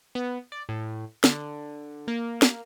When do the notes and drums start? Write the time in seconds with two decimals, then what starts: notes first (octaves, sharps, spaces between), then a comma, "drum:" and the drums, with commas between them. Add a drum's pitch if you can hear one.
0.15 B3
0.52 D5
0.69 A2
1.24 D3, drum: snare
2.08 A#3
2.42 drum: snare